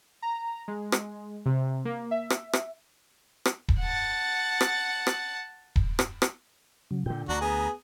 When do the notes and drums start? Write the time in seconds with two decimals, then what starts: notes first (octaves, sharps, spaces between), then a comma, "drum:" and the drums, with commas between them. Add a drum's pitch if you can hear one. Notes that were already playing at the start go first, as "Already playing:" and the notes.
0.22 A#5
0.68 G#3
0.92 drum: rim click
1.46 C3
1.85 A#3
2.11 E5
2.30 drum: rim click
2.53 drum: rim click
3.45 drum: rim click
3.69 drum: kick D#1
3.80 F#5 A5
4.61 drum: rim click
5.07 drum: rim click
5.76 drum: kick D#1
5.99 drum: rim click
6.22 drum: rim click
6.91 C#3 F#3
7.06 A#2 D3 G5
7.29 D2 D4 F#4 A#5
7.41 B3 G#4